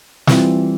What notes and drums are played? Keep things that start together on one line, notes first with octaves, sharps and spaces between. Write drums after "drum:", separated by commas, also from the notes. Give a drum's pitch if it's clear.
E3 G3 C4 F4, drum: snare